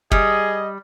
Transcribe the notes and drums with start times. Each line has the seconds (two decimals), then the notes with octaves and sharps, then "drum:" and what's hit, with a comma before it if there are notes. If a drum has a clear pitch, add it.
0.11 G3 G#4 D#5, drum: kick